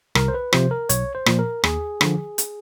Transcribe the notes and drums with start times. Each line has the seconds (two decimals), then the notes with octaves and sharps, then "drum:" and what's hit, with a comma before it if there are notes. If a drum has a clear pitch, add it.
0.15 C2 A#4, drum: rim click
0.28 C5
0.34 B4
0.53 C3 F3 C5, drum: rim click
0.71 A#4
0.89 B1 C#5, drum: hi-hat
1.15 C5
1.26 A#2 F3, drum: rim click
1.39 A#4
1.64 D#2 G#4, drum: rim click
2.01 D3 F3, drum: rim click
2.38 drum: hi-hat